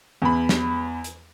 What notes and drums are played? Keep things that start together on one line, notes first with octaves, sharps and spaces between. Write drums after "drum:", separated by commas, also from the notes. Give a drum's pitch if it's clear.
E2 B5
drum: snare
drum: hi-hat